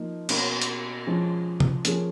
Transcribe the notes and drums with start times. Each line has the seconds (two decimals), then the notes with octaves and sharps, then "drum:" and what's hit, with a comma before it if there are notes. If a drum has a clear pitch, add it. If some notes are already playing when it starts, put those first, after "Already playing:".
Already playing: F3 A#3 D#4
0.29 B2 A#3 C#4 F#4, drum: cymbal
0.62 drum: hi-hat
1.07 F3 G#3 C#4
1.60 drum: tom
1.85 F3 A#3 C#4 G#4, drum: hi-hat